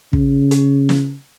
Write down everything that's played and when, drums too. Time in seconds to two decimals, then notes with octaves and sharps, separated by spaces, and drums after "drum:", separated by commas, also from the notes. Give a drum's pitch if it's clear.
0.13 C#3, drum: kick
0.51 drum: hi-hat
0.89 drum: snare